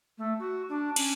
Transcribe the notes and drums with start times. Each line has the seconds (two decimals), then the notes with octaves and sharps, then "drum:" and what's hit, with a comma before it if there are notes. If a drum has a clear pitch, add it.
0.18 A3
0.39 F#4
0.69 D4
0.96 C#4, drum: cymbal